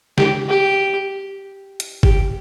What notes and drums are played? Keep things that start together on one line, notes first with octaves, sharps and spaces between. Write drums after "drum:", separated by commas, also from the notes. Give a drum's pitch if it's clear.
G4, drum: snare
G4
drum: hi-hat
G4, drum: kick